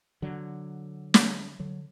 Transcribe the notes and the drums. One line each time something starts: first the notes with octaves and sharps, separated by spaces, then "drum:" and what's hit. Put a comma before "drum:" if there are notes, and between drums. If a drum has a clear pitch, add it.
D3 F#3
drum: snare
D3 F#3